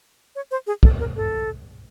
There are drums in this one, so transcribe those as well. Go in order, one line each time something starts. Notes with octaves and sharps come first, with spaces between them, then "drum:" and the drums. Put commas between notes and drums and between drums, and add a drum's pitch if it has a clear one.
C#5
C5
G#4
A4, drum: kick
A#4
A4